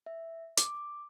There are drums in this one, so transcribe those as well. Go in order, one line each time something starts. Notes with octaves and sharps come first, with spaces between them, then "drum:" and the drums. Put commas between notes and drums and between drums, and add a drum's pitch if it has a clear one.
E5
D6, drum: hi-hat